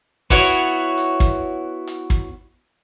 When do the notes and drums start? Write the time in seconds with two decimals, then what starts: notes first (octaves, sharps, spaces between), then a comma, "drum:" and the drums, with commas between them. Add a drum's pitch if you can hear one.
0.30 B3 E4 F#4 C#5, drum: kick, hi-hat
0.98 drum: hi-hat
1.20 drum: kick, hi-hat
1.87 drum: hi-hat
2.10 drum: kick